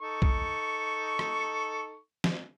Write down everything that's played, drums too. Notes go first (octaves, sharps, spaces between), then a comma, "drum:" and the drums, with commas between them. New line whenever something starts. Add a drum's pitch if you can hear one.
D#4 A4 C#6
drum: kick
drum: rim click
drum: snare